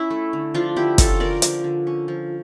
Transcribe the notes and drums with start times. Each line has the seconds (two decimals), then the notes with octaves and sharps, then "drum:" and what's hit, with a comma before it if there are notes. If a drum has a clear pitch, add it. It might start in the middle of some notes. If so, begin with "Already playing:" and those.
Already playing: C#4 E4
0.10 A3
0.33 D3
0.54 F3 D4 F4
0.76 D3 E4 G4
0.98 C#4 F4 A4, drum: kick, hi-hat
1.20 D3 A#4 D5
1.42 F3, drum: hi-hat
1.64 D3
1.87 C#4
2.08 F3